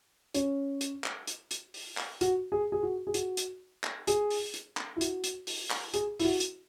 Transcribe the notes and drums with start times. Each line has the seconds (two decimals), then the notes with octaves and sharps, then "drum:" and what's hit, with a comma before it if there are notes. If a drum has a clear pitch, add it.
0.34 C#4, drum: hi-hat
0.81 drum: hi-hat
1.04 drum: clap
1.27 drum: hi-hat
1.51 drum: hi-hat
1.74 drum: open hi-hat
1.97 drum: clap
2.21 F#4, drum: hi-hat
2.52 G#4
2.72 G#4
2.83 F#4
3.07 G#4
3.14 F#4, drum: hi-hat
3.37 drum: hi-hat
3.84 drum: clap
4.07 G#4, drum: hi-hat
4.30 drum: open hi-hat
4.54 drum: hi-hat
4.77 drum: clap
4.96 E4
5.01 F#4, drum: hi-hat
5.24 drum: hi-hat
5.47 drum: open hi-hat
5.70 drum: clap
5.94 G#4, drum: hi-hat
6.20 E4, drum: open hi-hat
6.25 F#4
6.40 drum: hi-hat